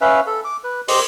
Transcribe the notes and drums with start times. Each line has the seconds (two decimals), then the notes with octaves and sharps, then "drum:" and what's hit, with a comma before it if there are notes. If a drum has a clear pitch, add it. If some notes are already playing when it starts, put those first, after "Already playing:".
0.01 C#4 B4 E5 F5
0.27 A4
0.45 D6
0.64 B4
0.88 G4 C5 D#5 C6, drum: open hi-hat